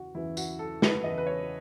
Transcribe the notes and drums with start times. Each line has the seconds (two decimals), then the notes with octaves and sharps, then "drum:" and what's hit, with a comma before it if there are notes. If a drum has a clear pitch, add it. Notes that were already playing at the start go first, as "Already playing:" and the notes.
Already playing: E2 C#3 E3 F#4
0.15 E2 C#3 E3 E4
0.37 F#4, drum: tambourine
0.59 A4
0.82 B4, drum: snare
1.04 E2 C#3 E3 D#5
1.18 B4
1.26 C#5